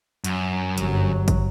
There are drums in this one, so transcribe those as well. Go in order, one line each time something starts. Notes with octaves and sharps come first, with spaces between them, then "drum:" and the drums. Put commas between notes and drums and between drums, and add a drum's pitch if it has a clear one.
F#2, drum: hi-hat
G1 F#3, drum: hi-hat
drum: kick G#1, hi-hat